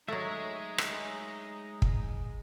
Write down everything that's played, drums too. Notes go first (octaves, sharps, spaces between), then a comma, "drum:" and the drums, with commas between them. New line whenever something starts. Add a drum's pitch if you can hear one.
F#3 G#3 A3 D#4 C#5 E5
drum: rim click
drum: kick